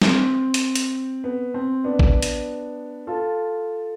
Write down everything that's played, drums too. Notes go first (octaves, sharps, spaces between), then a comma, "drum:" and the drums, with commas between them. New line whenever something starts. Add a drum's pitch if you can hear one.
C4, drum: snare
drum: hi-hat
drum: hi-hat
B3
C4
B3 D4
drum: kick G#1
drum: hi-hat
F4 A4